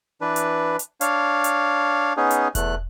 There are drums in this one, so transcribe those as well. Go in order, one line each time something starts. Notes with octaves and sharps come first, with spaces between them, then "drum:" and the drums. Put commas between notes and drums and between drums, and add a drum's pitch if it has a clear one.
E3 D4 B4
drum: hi-hat
drum: hi-hat
D4 C#5 F5, drum: hi-hat
drum: hi-hat
B3 C#4 D#4 G#4
drum: hi-hat
E2 A3 F#6, drum: kick E1, hi-hat